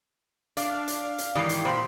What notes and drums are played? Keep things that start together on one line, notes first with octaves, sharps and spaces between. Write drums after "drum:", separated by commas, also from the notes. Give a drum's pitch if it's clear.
D4 D5 F5, drum: hi-hat
drum: hi-hat
drum: hi-hat
G#2 D#3 E3 G4 D5 C7
drum: hi-hat
A#2 C5 B5 C6